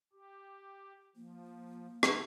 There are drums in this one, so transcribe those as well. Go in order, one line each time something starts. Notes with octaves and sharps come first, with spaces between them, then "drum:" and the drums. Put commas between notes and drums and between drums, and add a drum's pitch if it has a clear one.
G4
F3 A#3
drum: rim click